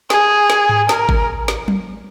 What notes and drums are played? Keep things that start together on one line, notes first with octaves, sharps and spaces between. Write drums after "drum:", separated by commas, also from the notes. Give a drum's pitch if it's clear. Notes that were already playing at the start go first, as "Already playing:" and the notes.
G#4, drum: snare
drum: snare
drum: tom G#2
A#4, drum: snare
drum: kick G#1
drum: snare
drum: tom F#3